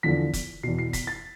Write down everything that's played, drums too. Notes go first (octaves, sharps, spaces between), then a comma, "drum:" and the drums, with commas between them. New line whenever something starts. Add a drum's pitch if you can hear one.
E2 D3 F3 B6
drum: kick F1, hi-hat
E2 B2 C7
C7
B6, drum: kick F1, hi-hat
A6